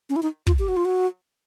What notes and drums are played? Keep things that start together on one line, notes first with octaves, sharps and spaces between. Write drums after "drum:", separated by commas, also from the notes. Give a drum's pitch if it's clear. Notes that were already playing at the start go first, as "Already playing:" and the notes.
C#4
E4
D#4
F4, drum: kick
G4
F#4
F4
F#4